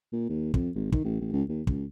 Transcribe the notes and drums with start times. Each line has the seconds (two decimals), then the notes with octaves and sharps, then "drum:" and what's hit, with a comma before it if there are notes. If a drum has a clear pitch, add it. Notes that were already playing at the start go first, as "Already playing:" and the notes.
0.13 A#2
0.29 D#2
0.54 F2, drum: kick
0.75 G#1
0.92 D#3, drum: kick
1.04 A1
1.21 A1
1.33 C#2
1.49 D#2
1.67 C#2, drum: kick